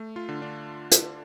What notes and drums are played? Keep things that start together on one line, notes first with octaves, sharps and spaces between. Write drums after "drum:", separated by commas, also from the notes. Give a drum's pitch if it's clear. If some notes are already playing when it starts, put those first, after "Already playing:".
Already playing: A3
F4
D3
D4
drum: hi-hat